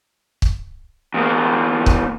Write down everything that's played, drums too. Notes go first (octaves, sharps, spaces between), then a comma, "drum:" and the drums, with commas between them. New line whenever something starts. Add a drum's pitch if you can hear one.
drum: kick
E2 A#3
drum: kick